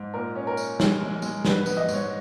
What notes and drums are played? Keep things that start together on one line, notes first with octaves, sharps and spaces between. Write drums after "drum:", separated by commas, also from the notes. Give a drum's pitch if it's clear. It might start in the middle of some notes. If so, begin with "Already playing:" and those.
Already playing: G#2
A#2 A#4
C#4
A#4
C#4, drum: tambourine
G#3, drum: snare
G#3
G#3, drum: tambourine
G#2 B4, drum: snare
B4
B3, drum: tambourine
D#5
G#2 C#5, drum: tambourine